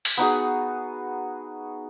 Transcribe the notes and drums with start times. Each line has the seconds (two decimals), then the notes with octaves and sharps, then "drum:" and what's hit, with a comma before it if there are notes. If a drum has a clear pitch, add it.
0.05 drum: open hi-hat
0.17 B3 D#4 F#4 G#4